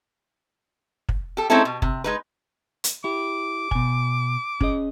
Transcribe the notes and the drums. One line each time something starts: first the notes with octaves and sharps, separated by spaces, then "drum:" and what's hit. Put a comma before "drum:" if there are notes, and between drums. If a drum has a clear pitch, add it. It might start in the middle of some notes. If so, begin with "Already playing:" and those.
drum: kick
G4 A4
G#3 C4 C#4 D#4 E4 A4
B2
C3, drum: kick
G#3 D#4 B4
drum: hi-hat
E4 G4 D6
B2 G#5, drum: kick
C#4 G#4 D#5, drum: kick